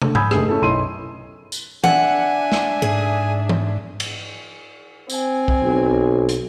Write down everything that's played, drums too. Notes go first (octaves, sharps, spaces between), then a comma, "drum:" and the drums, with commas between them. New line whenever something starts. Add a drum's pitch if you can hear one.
D3 A3, drum: tom
G#5 B5 D#6 E6 G6 G#6, drum: tom G#2
F1 G2 A3 G#4, drum: rim click
A3 C#4 E4 G#4 A4
B1 F#2 E4 C#5 C6 D#7
drum: tambourine
D4 E5 F#5 G#5, drum: tom E3
drum: snare
G#2 G#4
drum: tom E3
drum: cymbal
C4 G#5, drum: tambourine
drum: kick B1
B1
drum: hi-hat